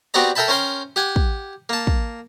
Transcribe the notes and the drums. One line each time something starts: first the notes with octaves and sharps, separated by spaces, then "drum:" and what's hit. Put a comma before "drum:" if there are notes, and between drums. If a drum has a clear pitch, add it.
B3 C4 F#4 G4 D5 A#5
A4 A#4 E5 G5 A5 B5
C#4 A#4 C5 G5 C6
G4 F#5 G#5
drum: kick
A#3 A5
drum: kick